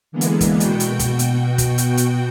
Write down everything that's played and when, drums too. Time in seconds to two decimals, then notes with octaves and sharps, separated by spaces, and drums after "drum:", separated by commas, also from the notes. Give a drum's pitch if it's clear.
0.12 D3 E3 G#3 A#3 B3
0.21 drum: hi-hat
0.41 drum: kick, hi-hat
0.60 B2 F#4 G5, drum: hi-hat
0.80 drum: hi-hat
0.99 drum: kick, hi-hat
1.19 drum: hi-hat
1.58 drum: kick, hi-hat
1.78 drum: hi-hat
1.97 drum: hi-hat